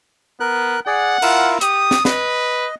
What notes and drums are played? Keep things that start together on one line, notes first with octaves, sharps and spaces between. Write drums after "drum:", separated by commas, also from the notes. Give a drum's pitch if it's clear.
B3 A#4 F#6
G#4 D5 F#5
E4 F4 A#4, drum: cymbal
G4 D#6, drum: hi-hat
drum: snare
B4 D#5, drum: snare